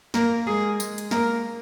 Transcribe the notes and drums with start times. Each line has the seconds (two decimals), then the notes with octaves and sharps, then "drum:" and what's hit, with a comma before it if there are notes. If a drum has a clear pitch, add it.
0.14 A#3 A#4, drum: snare
0.47 G#3 G#4
0.80 G#3, drum: tambourine
0.98 drum: hi-hat
1.11 A#3 A#4, drum: snare